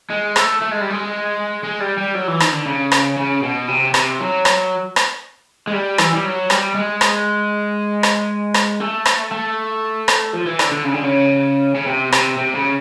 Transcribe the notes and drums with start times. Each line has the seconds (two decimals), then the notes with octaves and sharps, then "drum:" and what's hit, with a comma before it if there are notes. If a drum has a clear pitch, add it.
0.10 G#3
0.36 A3, drum: rim click
0.61 A3
0.71 G#3
0.81 G3
0.90 G#3
1.64 G#3
1.81 G3
1.98 G3
2.15 F#3
2.28 E3
2.40 D#3, drum: rim click
2.53 D3
2.66 C#3
2.92 drum: rim click
3.17 C#3
3.43 B2
3.68 C3
3.94 C3, drum: rim click
4.19 F#3
4.45 drum: rim click
4.96 drum: rim click
5.67 G#3
5.73 G3
5.98 E3, drum: rim click
6.14 G3
6.24 F#3
6.50 G3, drum: rim click
6.75 G#3
7.01 drum: rim click
8.03 drum: rim click
8.54 drum: rim click
8.80 A3
9.06 drum: rim click
9.31 A3
10.08 drum: rim click
10.33 F3
10.46 E3
10.59 D3, drum: rim click
10.72 D3
10.85 C#3
10.94 D3
11.04 C#3
11.75 C#3
11.87 C3
12.12 C3, drum: rim click
12.38 C3
12.55 C#3